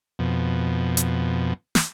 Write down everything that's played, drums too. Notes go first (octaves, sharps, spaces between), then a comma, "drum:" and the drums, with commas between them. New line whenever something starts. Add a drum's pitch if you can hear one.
F2 B2
drum: hi-hat
drum: snare